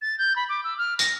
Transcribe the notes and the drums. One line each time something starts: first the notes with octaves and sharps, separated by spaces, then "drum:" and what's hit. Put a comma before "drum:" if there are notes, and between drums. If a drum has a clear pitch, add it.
A6
G6
B5
D6
E6
F6
A#6, drum: tambourine